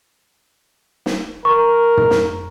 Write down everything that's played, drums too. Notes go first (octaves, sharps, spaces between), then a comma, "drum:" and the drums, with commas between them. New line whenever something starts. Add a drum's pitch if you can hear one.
drum: snare
A#4 C#6
drum: tom
drum: snare